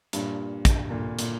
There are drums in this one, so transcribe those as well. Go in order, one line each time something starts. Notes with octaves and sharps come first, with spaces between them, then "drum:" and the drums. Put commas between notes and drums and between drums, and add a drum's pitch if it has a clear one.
G2 A#2, drum: hi-hat
drum: kick, hi-hat
A#2 D3
A#2, drum: hi-hat